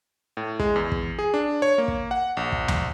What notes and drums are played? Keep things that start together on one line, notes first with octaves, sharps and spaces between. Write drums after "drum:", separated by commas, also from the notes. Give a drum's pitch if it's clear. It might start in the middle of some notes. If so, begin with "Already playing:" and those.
A2
G#3, drum: kick
E2
drum: kick
G#4
D4
C#5
A#3
drum: kick
F#5
A#1
drum: kick
drum: tom D#2